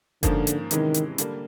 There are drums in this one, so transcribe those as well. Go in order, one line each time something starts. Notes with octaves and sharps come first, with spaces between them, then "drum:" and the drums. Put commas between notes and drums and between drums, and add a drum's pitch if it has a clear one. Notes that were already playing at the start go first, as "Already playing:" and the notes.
G#2 D3 F3 A#3 C#4, drum: kick F#1, hi-hat
drum: hi-hat
C3 D#3 E3 G#3 C#4, drum: hi-hat
drum: hi-hat
D3 G3 A#3, drum: hi-hat